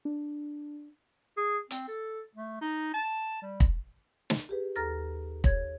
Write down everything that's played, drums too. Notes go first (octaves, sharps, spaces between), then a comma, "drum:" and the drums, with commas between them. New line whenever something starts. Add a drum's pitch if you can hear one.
D4
G#4
C4, drum: hi-hat
A4
A3
D#4
A5
G3
drum: kick
drum: snare
G4 G#4 B4
D#2 A4 A#5 F6 A6 A#6
C#5 G#6, drum: kick